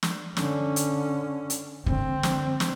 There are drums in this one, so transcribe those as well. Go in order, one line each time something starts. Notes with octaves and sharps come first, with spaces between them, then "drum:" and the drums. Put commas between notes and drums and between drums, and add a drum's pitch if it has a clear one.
drum: snare
D3 C#4, drum: snare
drum: hi-hat
drum: hi-hat
D3 C4, drum: kick
drum: snare
drum: snare